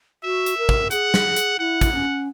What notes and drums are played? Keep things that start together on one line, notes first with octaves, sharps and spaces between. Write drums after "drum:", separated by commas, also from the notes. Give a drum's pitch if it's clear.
F#4 E5
drum: hi-hat
A#4
drum: kick
G#4 F#5, drum: hi-hat
drum: snare
drum: hi-hat
E4 F#5
drum: kick, hi-hat
C#4